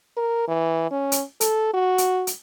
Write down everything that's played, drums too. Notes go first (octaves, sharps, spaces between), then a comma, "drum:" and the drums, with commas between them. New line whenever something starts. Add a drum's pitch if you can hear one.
A#4
E3
C#4
drum: hi-hat
A4, drum: hi-hat
F#4
drum: hi-hat
drum: hi-hat